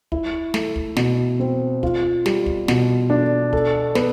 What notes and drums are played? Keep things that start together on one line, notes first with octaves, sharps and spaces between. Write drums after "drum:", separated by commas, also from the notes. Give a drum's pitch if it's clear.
E4, drum: kick
A3, drum: snare
drum: kick
B2, drum: snare
C4
F4, drum: kick
G3, drum: snare
drum: kick
B2, drum: snare
D4
A4, drum: kick
B3, drum: snare